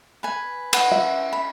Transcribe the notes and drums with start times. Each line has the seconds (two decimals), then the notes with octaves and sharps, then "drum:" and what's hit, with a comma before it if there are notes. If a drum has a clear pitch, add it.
0.23 B4 G#5
0.73 B4 F#5 G#5, drum: cymbal
0.91 E5
1.33 B5